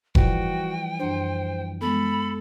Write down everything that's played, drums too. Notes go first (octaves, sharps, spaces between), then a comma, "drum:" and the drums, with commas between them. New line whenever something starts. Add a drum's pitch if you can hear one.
E3 F3 G3 F#4 G5, drum: kick F1
F#2 D4 C5
G#3 B3 A4 B5